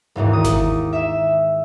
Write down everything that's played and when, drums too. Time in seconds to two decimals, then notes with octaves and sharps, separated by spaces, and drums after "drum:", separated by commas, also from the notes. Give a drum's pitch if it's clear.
0.16 E1 D#2 G#2 E3
0.33 D#6
0.45 drum: snare G1
0.93 E5 E7